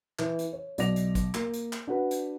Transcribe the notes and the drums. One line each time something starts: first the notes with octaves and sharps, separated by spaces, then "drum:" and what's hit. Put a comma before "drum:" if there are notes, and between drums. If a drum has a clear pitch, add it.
E3, drum: clap
drum: hi-hat
C#5
B1 D5 D#5 D6 A#6 F7, drum: hi-hat
drum: hi-hat
drum: kick G#1, hi-hat
A#3 A#4, drum: clap
drum: hi-hat
drum: clap
D4 F#4 B4
drum: hi-hat